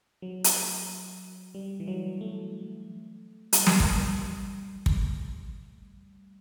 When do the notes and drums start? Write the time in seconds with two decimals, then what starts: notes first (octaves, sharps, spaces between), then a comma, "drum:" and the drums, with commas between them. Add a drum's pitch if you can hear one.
0.22 F#3
0.44 drum: hi-hat
1.54 G3
1.80 E3
1.88 F#3
2.21 A3
3.53 G3, drum: hi-hat
3.67 drum: snare
3.80 drum: kick
4.86 drum: kick